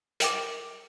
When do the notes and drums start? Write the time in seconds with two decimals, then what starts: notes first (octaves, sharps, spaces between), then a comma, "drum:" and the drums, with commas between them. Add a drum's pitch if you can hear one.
0.20 A#4 G5 D6, drum: hi-hat